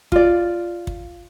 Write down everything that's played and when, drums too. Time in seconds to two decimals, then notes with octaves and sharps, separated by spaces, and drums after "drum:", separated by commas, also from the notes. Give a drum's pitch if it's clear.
0.12 F4 D5, drum: kick
0.87 drum: kick